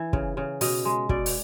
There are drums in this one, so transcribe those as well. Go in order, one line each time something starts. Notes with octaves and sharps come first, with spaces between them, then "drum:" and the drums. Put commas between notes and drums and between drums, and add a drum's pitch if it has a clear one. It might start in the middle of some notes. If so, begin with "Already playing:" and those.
Already playing: E3
C#3, drum: kick
C#3
B2 D#5, drum: open hi-hat
G#3
B2 D5, drum: kick
drum: open hi-hat